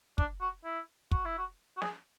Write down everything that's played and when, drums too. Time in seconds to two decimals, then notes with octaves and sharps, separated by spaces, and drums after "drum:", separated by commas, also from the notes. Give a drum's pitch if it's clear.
0.18 D4, drum: kick
0.41 F#4
0.65 E4
1.11 F#4, drum: kick
1.25 E4
1.38 F#4
1.77 F#4
1.82 G#4, drum: snare